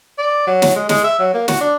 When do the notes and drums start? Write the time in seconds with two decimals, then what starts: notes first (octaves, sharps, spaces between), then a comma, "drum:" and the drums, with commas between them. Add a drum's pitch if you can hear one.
0.18 D5
0.47 F#3
0.62 drum: snare
0.76 G#3
0.89 G#3, drum: snare
1.04 E5
1.20 F#3
1.34 A#3
1.48 F#4, drum: snare
1.61 D4